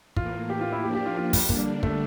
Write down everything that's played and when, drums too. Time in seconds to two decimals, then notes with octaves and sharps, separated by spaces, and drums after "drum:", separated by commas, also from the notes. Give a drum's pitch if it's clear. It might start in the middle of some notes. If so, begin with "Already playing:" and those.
0.16 A2 E3 A#3 F4, drum: kick
0.50 G4
0.61 F4
0.72 E4
0.83 F3 A#3 D4 G4
0.95 G4
1.06 F4
1.17 F4
1.33 drum: kick, open hi-hat
1.49 D3 G3 A#3 D4, drum: kick
1.83 A3, drum: kick